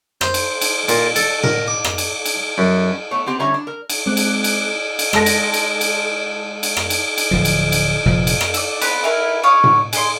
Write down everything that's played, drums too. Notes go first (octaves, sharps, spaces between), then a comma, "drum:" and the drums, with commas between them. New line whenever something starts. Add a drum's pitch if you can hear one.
C5, drum: rim click
drum: cymbal
drum: cymbal
A#2, drum: cymbal
A4, drum: cymbal
A#4, drum: tom A2
D6
drum: rim click
drum: cymbal
drum: cymbal
F#2
A3 B3 C#5
B3 C4 G4
D3 G3 C#4 E4 C#5 A#5
D4
A#4
drum: cymbal
G#3 C4 D6 F#6
drum: cymbal
drum: cymbal
drum: cymbal
G#3 A4 A#6, drum: rim click
drum: cymbal
drum: cymbal
drum: cymbal
drum: cymbal
drum: rim click
drum: cymbal
drum: cymbal
D1 F3
drum: cymbal
drum: cymbal
F1 A#2 F3
drum: cymbal
drum: rim click
D5 E6, drum: cymbal
B3 C4 B5, drum: cymbal
E4 G#4 A#4 B4
C#5 F5 D#6
drum: tom A2
G#4 D#5 C6, drum: cymbal